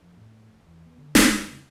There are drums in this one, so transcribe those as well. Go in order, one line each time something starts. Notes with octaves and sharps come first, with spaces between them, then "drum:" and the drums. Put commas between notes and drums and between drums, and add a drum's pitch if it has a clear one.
F2
A2
F1
E2
B3
D3
B2, drum: snare
E2
C#3